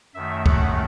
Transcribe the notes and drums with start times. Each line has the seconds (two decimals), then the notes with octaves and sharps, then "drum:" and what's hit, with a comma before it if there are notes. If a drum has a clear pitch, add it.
0.14 F#2 D#3 A3 E5
0.46 F#5, drum: kick